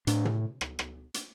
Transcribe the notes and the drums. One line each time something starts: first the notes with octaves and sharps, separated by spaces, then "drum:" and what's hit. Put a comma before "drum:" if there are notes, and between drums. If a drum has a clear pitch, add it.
A2 D4, drum: hi-hat
drum: tom
drum: rim click
drum: rim click
drum: hi-hat